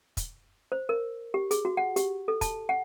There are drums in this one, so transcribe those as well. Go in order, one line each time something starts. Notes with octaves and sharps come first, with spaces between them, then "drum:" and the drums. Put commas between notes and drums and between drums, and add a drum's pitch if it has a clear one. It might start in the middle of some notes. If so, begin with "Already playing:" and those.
drum: kick, hi-hat
C5
A#4
G4
G#4, drum: hi-hat
F#4
F#5
G4, drum: hi-hat
A4
A5, drum: kick, hi-hat
F#5